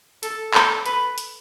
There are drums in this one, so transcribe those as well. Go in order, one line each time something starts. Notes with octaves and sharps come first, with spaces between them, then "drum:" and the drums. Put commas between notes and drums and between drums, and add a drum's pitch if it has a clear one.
A4, drum: hi-hat
A4, drum: clap
B4, drum: hi-hat
drum: hi-hat